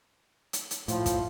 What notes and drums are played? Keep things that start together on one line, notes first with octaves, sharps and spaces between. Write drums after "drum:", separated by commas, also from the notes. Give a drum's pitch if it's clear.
drum: hi-hat
drum: hi-hat
A2 F3, drum: hi-hat
drum: kick, hi-hat